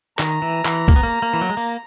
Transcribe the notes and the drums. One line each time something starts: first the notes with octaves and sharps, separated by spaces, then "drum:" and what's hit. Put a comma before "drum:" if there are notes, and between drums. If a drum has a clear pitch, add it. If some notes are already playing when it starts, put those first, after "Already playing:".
D#3 A#5, drum: clap
E3
E3, drum: clap
A#3, drum: kick C2
B3
A#3
A#3
E3
F#3
G#3
A#3